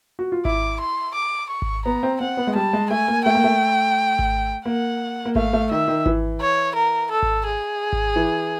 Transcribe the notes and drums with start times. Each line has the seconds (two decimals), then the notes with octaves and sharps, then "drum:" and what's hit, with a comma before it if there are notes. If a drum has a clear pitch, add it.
0.19 F#4
0.32 F4
0.45 E4 D6, drum: kick G#1
0.80 C6
1.15 D6
1.50 C#6
1.62 drum: kick G#1
1.85 B3 A#5
2.03 C4
2.20 C4 F#5
2.37 B3
2.47 G#3
2.55 G3 A5
2.73 G#3
2.90 A3 G#5
3.08 A#3
3.25 A3 G5
3.35 A#3
3.44 A3
4.19 drum: kick G#1
4.66 A#3 F#5
5.25 A#3
5.35 A3 F5, drum: kick G#1
5.53 A3
5.71 D#3 E5
5.88 D#3
6.06 E3, drum: kick G#1
6.41 C#5
6.75 A#4
7.11 A4
7.23 drum: kick G#1
7.46 G#4
7.93 drum: kick G#1
8.16 E3